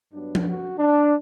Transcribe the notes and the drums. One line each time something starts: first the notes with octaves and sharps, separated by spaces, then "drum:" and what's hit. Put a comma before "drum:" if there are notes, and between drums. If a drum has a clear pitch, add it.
G2 F#3 B3 D4
drum: tom F3
F#4
D4